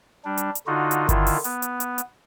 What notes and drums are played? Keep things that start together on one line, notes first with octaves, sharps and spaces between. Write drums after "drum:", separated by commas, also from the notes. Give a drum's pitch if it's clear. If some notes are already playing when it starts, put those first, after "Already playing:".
G3 D4
drum: hi-hat
drum: hi-hat
D3 D#4 F4 F#4
drum: hi-hat
D3 D#3 E4 F4, drum: kick G1, hi-hat
drum: open hi-hat
B3, drum: hi-hat
drum: hi-hat
drum: hi-hat
drum: hi-hat